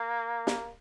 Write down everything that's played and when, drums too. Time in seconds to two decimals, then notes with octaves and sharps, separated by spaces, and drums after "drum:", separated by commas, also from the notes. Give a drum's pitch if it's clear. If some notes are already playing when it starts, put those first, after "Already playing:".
Already playing: A#3
0.47 drum: snare